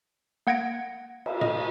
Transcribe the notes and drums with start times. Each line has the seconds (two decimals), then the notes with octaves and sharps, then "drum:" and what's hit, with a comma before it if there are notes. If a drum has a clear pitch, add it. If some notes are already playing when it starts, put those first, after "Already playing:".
0.47 A#3 F#5 G#6 A#6 D7
1.26 drum: cymbal
1.41 D#5, drum: tom A2